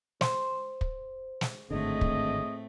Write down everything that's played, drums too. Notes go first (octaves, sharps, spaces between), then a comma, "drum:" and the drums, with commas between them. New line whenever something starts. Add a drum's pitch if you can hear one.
C5, drum: snare
drum: kick
drum: snare
G#1 A2 D3 A3 C4 G#4 D#5
drum: kick